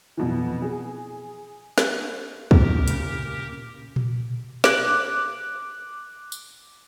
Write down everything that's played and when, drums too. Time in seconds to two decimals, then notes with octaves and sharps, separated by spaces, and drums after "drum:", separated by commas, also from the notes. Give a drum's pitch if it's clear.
0.17 F2 B2 E3
0.62 G#4
1.78 drum: snare
2.51 G4 A#4, drum: kick
2.88 A#2 C#3, drum: hi-hat
3.96 drum: tom A#2
4.64 D6 F#6, drum: snare
6.32 drum: tambourine